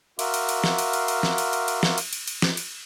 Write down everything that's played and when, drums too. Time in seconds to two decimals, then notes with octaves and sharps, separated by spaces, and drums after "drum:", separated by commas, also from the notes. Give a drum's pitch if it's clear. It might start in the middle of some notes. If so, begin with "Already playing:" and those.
0.19 F#4 A#4 E5 F5 C6 D6, drum: cymbal
0.34 drum: cymbal
0.49 drum: cymbal
0.64 drum: snare
0.78 drum: cymbal
0.93 drum: cymbal
1.08 drum: cymbal
1.23 drum: snare
1.38 drum: cymbal
1.53 drum: cymbal
1.68 drum: cymbal
1.83 drum: snare
1.98 drum: cymbal
2.13 drum: cymbal
2.28 drum: cymbal
2.42 drum: snare
2.57 drum: cymbal